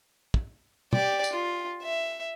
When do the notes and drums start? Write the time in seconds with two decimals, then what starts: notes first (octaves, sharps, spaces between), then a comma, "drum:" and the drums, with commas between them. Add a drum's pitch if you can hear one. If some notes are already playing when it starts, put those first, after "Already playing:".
0.34 drum: kick
0.93 G4 D5, drum: tom
1.24 drum: tambourine
1.33 F4
1.82 E5